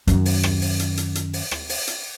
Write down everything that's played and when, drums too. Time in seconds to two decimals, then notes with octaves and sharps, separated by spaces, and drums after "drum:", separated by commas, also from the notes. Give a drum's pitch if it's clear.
0.07 F#2 D#3, drum: hi-hat
0.25 drum: open hi-hat
0.43 drum: rim click
0.61 drum: open hi-hat
0.79 drum: hi-hat
0.97 drum: hi-hat
1.15 drum: hi-hat
1.33 drum: open hi-hat
1.51 drum: rim click
1.69 drum: open hi-hat
1.87 drum: hi-hat